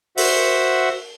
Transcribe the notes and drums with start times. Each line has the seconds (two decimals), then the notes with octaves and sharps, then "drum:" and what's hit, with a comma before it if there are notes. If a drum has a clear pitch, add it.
0.17 F#4 C5 E5 F#5, drum: open hi-hat